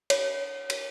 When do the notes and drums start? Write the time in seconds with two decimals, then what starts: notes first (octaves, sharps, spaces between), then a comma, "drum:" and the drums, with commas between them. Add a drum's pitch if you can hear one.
0.10 C#5, drum: cymbal
0.70 drum: cymbal